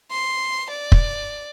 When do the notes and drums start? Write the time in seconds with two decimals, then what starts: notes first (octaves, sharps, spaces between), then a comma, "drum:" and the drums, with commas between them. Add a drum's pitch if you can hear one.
0.11 C6
0.71 D5
0.92 drum: kick